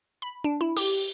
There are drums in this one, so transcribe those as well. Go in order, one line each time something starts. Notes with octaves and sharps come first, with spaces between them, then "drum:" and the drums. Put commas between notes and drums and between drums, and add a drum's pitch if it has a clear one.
B5
D4
E4
G4, drum: open hi-hat